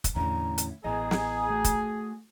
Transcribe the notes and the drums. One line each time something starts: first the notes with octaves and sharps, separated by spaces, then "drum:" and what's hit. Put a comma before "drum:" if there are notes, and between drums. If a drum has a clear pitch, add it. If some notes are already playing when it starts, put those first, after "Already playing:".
drum: kick, hi-hat
E2 A2 D3 C#4 E4 A#5
drum: hi-hat
A1 B3 E4 G#4 D#5 A#5
drum: snare
A3 F#4
drum: kick, hi-hat